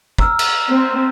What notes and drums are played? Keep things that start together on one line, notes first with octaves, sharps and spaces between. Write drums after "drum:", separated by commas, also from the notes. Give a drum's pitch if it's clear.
A#5 E6 F6, drum: kick
drum: cymbal
C4